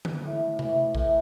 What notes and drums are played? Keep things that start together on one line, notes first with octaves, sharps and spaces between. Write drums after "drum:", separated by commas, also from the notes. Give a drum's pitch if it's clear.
drum: tom D3
A2
E3, drum: tom C3
A2, drum: kick A#1